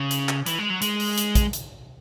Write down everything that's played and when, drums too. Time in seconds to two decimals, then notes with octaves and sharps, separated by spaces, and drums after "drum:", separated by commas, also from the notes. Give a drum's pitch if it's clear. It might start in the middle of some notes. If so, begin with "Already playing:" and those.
Already playing: C#3
0.11 drum: hi-hat
0.29 drum: clap
0.46 E3, drum: hi-hat
0.59 G#3
0.70 F#3
0.82 G#3, drum: hi-hat
1.00 drum: open hi-hat
1.18 drum: hi-hat
1.35 drum: kick, hi-hat
1.53 drum: hi-hat